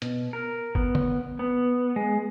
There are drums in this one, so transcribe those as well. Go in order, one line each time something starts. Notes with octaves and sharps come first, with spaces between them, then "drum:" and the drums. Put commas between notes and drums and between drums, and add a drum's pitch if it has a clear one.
B2, drum: hi-hat
A#4
B3, drum: kick
drum: tom
B3
G#3